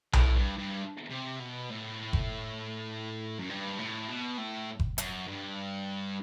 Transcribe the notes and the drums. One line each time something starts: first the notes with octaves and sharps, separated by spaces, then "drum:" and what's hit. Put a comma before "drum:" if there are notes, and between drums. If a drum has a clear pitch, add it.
A2, drum: tom B1
G2
G2
C3
B2
A2
drum: kick F#1
F#2
G2
A2
B2
A2
drum: kick F#1
F#2, drum: hi-hat
G2